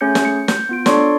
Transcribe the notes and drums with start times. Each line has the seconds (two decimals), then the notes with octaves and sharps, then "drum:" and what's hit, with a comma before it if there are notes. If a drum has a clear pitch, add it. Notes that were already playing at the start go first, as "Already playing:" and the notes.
0.01 A3 C#4 G#4 C#5 G6 C#7
0.15 drum: snare
0.25 C#7
0.48 G6, drum: snare
0.69 B3 F4 D7
0.86 D4 A4 C#5 D5 C6 C#6, drum: snare